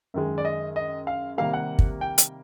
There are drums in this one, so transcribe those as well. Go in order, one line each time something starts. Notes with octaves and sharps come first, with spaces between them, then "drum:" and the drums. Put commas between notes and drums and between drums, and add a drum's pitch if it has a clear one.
F#2 D#3 G#3
D5
D#5
D#5
F5
C3 D#3 G3 A#3 F5
F#5
drum: kick
G5
drum: hi-hat